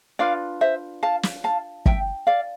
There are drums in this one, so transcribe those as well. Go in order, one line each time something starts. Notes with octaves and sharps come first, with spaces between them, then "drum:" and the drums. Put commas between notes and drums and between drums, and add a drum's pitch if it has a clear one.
D4 F4 B4 D5 F5
C5 E5
F5 A5
drum: snare
F5 A5
E5 G5, drum: kick
D5 F5